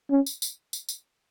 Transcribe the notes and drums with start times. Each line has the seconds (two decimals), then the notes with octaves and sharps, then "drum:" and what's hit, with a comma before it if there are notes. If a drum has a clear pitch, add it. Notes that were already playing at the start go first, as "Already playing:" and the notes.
0.10 C#4
0.26 drum: tambourine
0.42 drum: tambourine
0.73 drum: tambourine
0.89 drum: tambourine